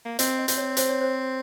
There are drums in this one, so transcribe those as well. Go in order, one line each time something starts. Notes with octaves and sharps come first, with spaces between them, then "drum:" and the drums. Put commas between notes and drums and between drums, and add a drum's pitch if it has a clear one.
A#3
C4 D#5, drum: hi-hat
D#5
C4, drum: hi-hat
C#5
C5, drum: hi-hat
C#5
C5